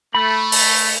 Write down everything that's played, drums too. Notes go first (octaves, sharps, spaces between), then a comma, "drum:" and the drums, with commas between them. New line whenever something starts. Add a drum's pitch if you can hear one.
A3 B5
drum: open hi-hat